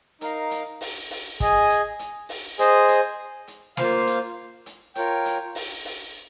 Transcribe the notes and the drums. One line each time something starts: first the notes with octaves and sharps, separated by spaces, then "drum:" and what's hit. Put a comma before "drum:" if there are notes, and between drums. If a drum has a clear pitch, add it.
D#4 A#4 F5, drum: hi-hat
drum: hi-hat
drum: open hi-hat
drum: open hi-hat
G#4 D#5 G#5, drum: kick, hi-hat
drum: hi-hat
drum: hi-hat
drum: open hi-hat
G#4 C5 D#5, drum: hi-hat
drum: hi-hat
drum: hi-hat
A#3 F4 C5 F5, drum: snare
drum: hi-hat
drum: hi-hat
F4 A#4 C#5 G5, drum: hi-hat
drum: hi-hat
drum: open hi-hat
drum: open hi-hat